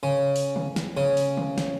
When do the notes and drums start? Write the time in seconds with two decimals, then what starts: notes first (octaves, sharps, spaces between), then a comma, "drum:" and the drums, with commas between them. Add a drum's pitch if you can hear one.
0.03 C#3
0.36 drum: open hi-hat
0.56 drum: tom D3
0.76 drum: snare
0.97 C#3
1.17 drum: open hi-hat
1.37 drum: tom D3
1.58 drum: snare